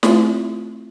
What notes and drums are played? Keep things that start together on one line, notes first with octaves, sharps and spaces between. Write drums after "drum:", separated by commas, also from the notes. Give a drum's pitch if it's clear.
A3 C4 E4 F4 E5, drum: snare